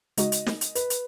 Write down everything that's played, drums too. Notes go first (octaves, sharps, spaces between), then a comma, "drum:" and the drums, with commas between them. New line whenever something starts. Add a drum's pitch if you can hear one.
C#3 G#3 D#4 F#4 D#5, drum: hi-hat
drum: hi-hat
drum: snare
drum: hi-hat
B4, drum: hi-hat
drum: hi-hat